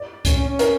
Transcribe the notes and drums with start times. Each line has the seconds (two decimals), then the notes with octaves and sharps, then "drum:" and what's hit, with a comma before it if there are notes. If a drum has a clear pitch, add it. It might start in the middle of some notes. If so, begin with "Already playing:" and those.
Already playing: D5
0.25 C#4, drum: kick C2, hi-hat
0.37 C#4
0.48 C#4
0.59 A#4, drum: hi-hat